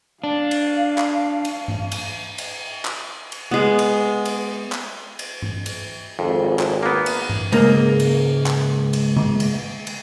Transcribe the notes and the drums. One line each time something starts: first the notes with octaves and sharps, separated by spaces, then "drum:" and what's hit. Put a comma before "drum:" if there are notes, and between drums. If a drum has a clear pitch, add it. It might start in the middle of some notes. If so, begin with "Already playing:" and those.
D4 F5
drum: cymbal
drum: clap
drum: cymbal
drum: tom G#2
drum: cymbal
drum: cymbal
drum: clap
drum: cymbal
G#3 B3
drum: cymbal
drum: cymbal
drum: clap
drum: cymbal
drum: tom G#2
drum: cymbal
G#1 F2
drum: clap
A#3 B3
drum: cymbal
drum: tom G#2
C#2 G#2 A#3, drum: cymbal
drum: cymbal
drum: clap
drum: cymbal
drum: tom C#3
drum: cymbal
drum: cymbal